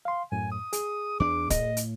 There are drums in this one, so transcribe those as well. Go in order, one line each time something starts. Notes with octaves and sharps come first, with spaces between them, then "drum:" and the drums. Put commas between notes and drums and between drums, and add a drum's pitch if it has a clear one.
F5 C6
F#2 A2 G#5
D#6
G#4, drum: hi-hat
E2 D4 D6
A2 D#5, drum: kick, hi-hat
drum: hi-hat